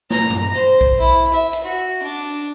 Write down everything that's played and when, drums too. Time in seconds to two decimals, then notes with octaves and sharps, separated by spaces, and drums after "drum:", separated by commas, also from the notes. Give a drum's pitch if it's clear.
0.10 A#5, drum: snare
0.30 drum: tom F#2
0.54 C5
0.81 drum: kick A#1
0.99 E4
1.33 E5
1.53 drum: hi-hat
1.64 F#4
2.02 D4